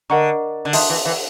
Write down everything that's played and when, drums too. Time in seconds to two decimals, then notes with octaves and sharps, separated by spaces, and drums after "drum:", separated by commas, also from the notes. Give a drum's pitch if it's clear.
0.10 D3 A#4 D#5 F#5 A#5 C#6
0.65 D3
0.73 D#3 E5 A5 C6 D#6 F#6, drum: open hi-hat
0.90 E3
1.06 E3